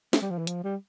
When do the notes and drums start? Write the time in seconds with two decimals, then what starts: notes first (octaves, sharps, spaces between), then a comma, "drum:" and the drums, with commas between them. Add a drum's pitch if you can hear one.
0.13 A3, drum: snare
0.22 G3
0.31 F3
0.38 E3
0.47 F3, drum: hi-hat
0.64 G3